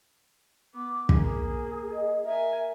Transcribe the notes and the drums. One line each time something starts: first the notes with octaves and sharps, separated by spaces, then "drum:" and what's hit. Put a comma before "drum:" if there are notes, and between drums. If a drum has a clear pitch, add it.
B3 D6
A#3 G#4, drum: kick
D#5
A#4 E5 G#5